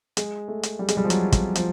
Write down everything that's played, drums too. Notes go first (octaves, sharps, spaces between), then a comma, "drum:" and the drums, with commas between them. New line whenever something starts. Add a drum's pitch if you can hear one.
G#3, drum: hi-hat
A3
drum: hi-hat
G3
G#3, drum: hi-hat
G3
F3
F#3, drum: hi-hat
drum: kick, hi-hat
F3, drum: hi-hat